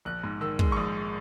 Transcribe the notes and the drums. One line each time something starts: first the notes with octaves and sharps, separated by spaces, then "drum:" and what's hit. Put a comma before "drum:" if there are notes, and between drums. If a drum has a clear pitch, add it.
A#1 F#6
G#2
D#3 E6
G#3, drum: kick
C#6
A#1 D#6